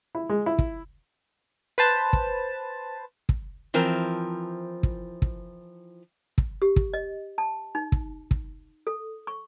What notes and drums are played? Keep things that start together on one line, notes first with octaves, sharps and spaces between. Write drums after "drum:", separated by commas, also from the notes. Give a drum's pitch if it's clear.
E4
G#3
E4
drum: kick
B4 C5 A5
drum: kick
drum: kick
E3 F3 C4 A#4 A5
drum: kick
drum: kick
drum: kick
G4
drum: kick
D#5
A5
D#4
drum: kick
drum: kick
A4
C#6